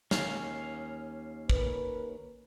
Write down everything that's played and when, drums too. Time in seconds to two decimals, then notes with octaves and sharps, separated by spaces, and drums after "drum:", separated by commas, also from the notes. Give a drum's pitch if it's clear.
0.11 D#2 C#4 F5, drum: snare
1.50 A#4 B4, drum: kick